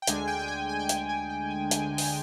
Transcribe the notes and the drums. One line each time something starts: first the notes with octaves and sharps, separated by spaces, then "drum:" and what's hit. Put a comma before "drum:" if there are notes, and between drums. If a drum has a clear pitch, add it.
G5
D2 D3 G#3 D4 G#5, drum: hi-hat
G5
G5
G#5
G#5
G5
G#5, drum: hi-hat
G#5
G5
G#5
G#5, drum: hi-hat
drum: open hi-hat